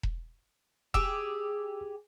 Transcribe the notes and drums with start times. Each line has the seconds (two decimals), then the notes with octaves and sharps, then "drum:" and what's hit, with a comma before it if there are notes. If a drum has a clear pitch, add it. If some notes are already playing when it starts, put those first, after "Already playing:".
0.03 drum: kick E1
0.94 G4 G#4 E6, drum: kick E1